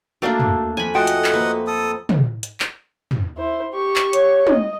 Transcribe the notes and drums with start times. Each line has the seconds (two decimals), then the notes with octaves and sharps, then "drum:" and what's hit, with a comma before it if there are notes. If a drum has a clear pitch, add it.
0.22 A3 A#3 D4 F#4 D5 F5
0.40 drum: tom
0.77 F2 G#5 B5
0.95 A3 F4 F#4 D#5 F#5 G5
1.07 drum: hi-hat
1.24 drum: clap
1.34 A#3 C4 B4
1.67 A4 D#6
2.09 drum: tom
2.43 drum: hi-hat
2.60 drum: clap
3.11 drum: tom
3.38 E4 C5
3.73 G4 C#6
3.96 drum: clap
4.13 C#5, drum: hi-hat
4.47 D#5, drum: tom